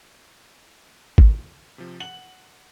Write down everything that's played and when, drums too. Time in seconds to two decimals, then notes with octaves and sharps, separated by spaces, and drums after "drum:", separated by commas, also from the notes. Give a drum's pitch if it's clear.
1.18 drum: kick G#1
1.78 C3 F3
2.00 F#5 F#7